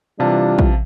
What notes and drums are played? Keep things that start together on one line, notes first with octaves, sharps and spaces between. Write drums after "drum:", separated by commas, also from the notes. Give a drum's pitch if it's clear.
C3 E3 G3 D4 F4 F5 A5
drum: kick